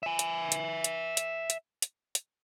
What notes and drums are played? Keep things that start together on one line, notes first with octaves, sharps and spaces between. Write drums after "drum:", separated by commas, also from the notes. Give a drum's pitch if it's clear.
E5 G#5
drum: hi-hat
drum: hi-hat
drum: hi-hat
drum: hi-hat
drum: hi-hat
drum: hi-hat
drum: hi-hat